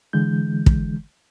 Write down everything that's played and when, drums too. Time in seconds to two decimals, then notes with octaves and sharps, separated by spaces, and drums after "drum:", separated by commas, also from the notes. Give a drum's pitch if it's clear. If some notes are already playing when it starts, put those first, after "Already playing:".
0.13 D3 E3 G#3 G6
0.66 drum: kick